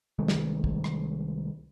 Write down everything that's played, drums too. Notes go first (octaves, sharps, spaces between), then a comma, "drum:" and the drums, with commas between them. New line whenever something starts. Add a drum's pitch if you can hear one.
C2 D#3 G#3 A3
drum: snare
drum: kick
drum: rim click